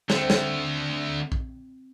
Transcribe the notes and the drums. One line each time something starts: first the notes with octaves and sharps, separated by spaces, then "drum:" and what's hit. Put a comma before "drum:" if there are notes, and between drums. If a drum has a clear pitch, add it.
D3 A3 C4, drum: snare
drum: snare
drum: kick A#1